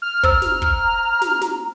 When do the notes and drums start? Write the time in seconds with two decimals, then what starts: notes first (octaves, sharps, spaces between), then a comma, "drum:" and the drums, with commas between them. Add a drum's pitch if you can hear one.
0.02 F6
0.23 C5 A#5 E6, drum: kick
0.42 drum: snare
0.62 drum: kick
1.22 drum: snare
1.41 drum: snare